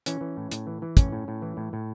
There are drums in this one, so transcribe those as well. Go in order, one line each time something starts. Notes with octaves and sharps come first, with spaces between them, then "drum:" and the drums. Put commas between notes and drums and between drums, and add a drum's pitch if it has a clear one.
E3 C#4, drum: hi-hat
E3
A2
A2, drum: hi-hat
E3
E3
A2 C#4, drum: kick, hi-hat
A2
A2
E3
A2
A2